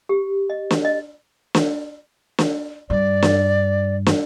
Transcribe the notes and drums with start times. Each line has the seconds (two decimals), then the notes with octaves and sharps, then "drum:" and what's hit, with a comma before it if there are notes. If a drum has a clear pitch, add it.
0.09 G4
0.50 D#5
0.71 drum: snare
0.85 D#5
1.55 drum: snare
2.39 drum: snare
2.90 G2 D5
3.22 drum: snare
4.06 drum: snare